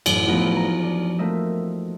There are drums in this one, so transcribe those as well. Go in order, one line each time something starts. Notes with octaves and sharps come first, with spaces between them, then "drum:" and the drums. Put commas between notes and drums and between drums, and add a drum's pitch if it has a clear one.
A1 F#2, drum: cymbal
F3 A3 B3 D#4 F4 F#4
A#5
D4
A3 A#3 C4 D#5 E5